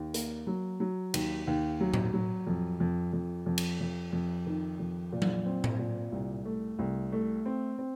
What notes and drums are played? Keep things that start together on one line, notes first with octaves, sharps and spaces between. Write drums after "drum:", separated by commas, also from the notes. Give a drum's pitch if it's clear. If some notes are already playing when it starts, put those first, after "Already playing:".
Already playing: D#2
A#3, drum: hi-hat
F#3
F#3
D#2, drum: cymbal
D#2
F#3
drum: tom A2
F#3
F2
F2
F2
F2
drum: cymbal
F2
F2
D#3
F2
A#2
drum: tom F#3
C4
drum: tom A2
A#2
C2
A3
C2
A3
C4
C4